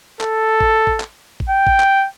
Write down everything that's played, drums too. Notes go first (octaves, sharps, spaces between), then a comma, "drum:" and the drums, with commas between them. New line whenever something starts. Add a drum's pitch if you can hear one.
A4, drum: clap
drum: kick A1
drum: kick A1
drum: clap
drum: kick A1
G5
drum: kick A1
drum: clap